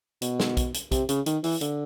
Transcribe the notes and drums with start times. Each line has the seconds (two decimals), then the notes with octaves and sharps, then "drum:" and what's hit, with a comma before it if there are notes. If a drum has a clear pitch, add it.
0.22 B2, drum: hi-hat
0.40 drum: snare
0.57 drum: kick, hi-hat
0.74 drum: hi-hat
0.92 C3, drum: kick, hi-hat
1.09 C#3, drum: hi-hat
1.26 D#3, drum: hi-hat
1.44 E3, drum: open hi-hat
1.61 D3, drum: hi-hat